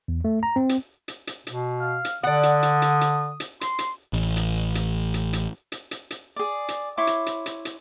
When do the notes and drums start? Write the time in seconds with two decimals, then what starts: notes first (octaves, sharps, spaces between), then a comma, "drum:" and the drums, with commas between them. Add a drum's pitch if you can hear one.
0.08 E2
0.25 A3
0.43 A#5
0.56 C4
0.69 drum: hi-hat
1.08 drum: hi-hat
1.27 drum: hi-hat
1.47 B2, drum: hi-hat
1.80 F5
2.05 drum: hi-hat
2.23 D3 D5 F#5 D#6
2.43 drum: hi-hat
2.63 drum: hi-hat
2.82 drum: hi-hat
3.01 drum: hi-hat
3.40 drum: hi-hat
3.61 C6, drum: hi-hat
3.79 drum: hi-hat
4.13 A1
4.37 drum: hi-hat
4.75 drum: hi-hat
5.14 drum: hi-hat
5.33 drum: hi-hat
5.72 drum: hi-hat
5.91 drum: hi-hat
6.11 drum: hi-hat
6.36 G#4 D5
6.68 drum: hi-hat
6.97 E4 C#5 C6 D6
7.07 drum: hi-hat
7.26 drum: hi-hat
7.46 drum: hi-hat
7.65 drum: hi-hat